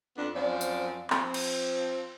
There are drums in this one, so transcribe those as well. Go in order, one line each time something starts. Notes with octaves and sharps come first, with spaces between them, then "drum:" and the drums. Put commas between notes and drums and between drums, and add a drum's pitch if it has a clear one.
F2 B3 D4
F#2 F3 C4 D5
drum: tambourine
F3 C4, drum: clap
drum: cymbal